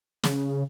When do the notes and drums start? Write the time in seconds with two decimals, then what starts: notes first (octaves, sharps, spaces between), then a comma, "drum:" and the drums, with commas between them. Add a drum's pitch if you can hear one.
0.24 C#3, drum: snare